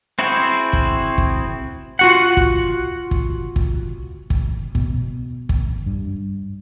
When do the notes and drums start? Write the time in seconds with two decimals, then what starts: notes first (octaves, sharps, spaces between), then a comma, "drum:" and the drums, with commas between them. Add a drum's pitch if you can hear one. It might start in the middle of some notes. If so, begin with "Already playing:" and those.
0.19 C4 E4 F#4 G#4 C5
0.73 drum: kick
1.18 drum: kick
1.99 F4 F#4 F#5
2.37 drum: kick
3.11 drum: kick
3.56 drum: kick
4.30 drum: kick
4.75 B2, drum: kick
5.49 drum: kick
5.86 G2